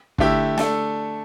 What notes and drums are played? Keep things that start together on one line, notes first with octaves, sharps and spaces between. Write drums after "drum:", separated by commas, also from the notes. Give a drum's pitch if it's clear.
D3 A3 E4 G4, drum: kick
A3 D4 A4, drum: snare